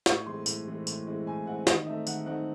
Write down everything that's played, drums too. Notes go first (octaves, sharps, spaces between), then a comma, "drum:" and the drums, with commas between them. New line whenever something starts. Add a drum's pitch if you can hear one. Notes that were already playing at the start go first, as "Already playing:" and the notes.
A2 C#6, drum: snare
E3 G#3 C4 C6
A2, drum: tambourine
E3 G#3 C4
A2, drum: tambourine
E3 G#3 C4
A2 G#5
E3 G#3 C4 F#5
D#3 D#5, drum: snare
A3 C4 D#4 E5
D#3 F#5, drum: tambourine
A3 C4 D#4 F#5